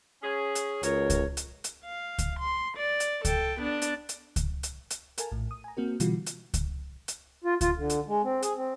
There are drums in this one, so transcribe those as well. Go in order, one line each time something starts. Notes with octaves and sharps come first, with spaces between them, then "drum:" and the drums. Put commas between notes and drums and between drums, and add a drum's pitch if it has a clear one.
C#4 G#4
drum: hi-hat
C#2 F#4 A#4 C#5, drum: hi-hat
drum: kick C#2, hi-hat
drum: hi-hat
drum: hi-hat
F5
drum: kick C#2, hi-hat
C6
D5
drum: hi-hat
A4 G5, drum: kick C#2, hi-hat
B3 D4
drum: hi-hat
drum: hi-hat
drum: kick C#2, hi-hat
drum: hi-hat
drum: hi-hat
A4 A#4 F5 G#5 A5, drum: hi-hat
A#1 A2
D#6
G#5 A#5
A#3 C4 F#4 A#4
B2 D3 E3 G3 F4 F#4, drum: hi-hat
drum: hi-hat
drum: kick C#2, hi-hat
drum: hi-hat
F4
F4, drum: kick C#2, hi-hat
D3
drum: hi-hat
G#3
C4
G#4, drum: hi-hat
C4